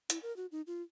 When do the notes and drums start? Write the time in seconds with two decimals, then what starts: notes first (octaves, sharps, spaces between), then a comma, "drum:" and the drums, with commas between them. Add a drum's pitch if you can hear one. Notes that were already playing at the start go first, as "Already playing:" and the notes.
0.10 E4, drum: hi-hat
0.23 A#4
0.37 F#4
0.52 D#4
0.67 F4